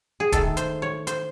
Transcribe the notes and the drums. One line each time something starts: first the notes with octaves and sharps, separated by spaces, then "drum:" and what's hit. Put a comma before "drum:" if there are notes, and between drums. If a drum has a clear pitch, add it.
G#4
D#3 A3 A4, drum: kick, hi-hat
C5, drum: hi-hat
C#5
C5, drum: hi-hat